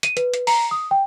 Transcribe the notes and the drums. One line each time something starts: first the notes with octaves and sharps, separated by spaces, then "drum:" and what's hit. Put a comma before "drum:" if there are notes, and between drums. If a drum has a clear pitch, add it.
D#7, drum: hi-hat
B4, drum: hi-hat
drum: hi-hat
A#5, drum: open hi-hat
D#6
G5